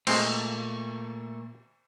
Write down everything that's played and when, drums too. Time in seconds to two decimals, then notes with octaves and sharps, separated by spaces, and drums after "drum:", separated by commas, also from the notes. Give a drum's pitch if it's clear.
0.07 A#2 G#3 A3 C4, drum: cymbal